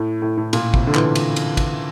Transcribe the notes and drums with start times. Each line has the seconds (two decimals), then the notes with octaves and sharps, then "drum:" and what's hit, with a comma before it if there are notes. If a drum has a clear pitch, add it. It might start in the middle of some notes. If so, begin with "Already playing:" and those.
Already playing: A2
0.22 A2
0.37 A2
0.53 A#2, drum: cymbal
0.74 C3, drum: kick
0.87 D3
0.94 E3, drum: clap
1.15 drum: cymbal
1.36 drum: cymbal
1.57 drum: kick, cymbal